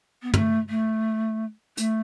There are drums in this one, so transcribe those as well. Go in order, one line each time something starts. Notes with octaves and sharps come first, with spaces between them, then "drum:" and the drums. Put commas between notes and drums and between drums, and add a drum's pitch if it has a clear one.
B3
A3, drum: tom
A3
A3, drum: hi-hat